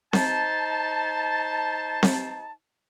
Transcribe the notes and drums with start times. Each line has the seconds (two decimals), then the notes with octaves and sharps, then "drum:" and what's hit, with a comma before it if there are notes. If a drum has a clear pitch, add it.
0.13 D#4 C5 A5, drum: snare C4
2.03 drum: snare C4